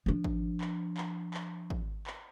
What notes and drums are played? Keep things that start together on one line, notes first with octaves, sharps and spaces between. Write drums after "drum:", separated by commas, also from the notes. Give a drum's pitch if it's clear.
F3 D4
drum: kick G#1
drum: clap
drum: clap
drum: clap
drum: kick G#1
drum: clap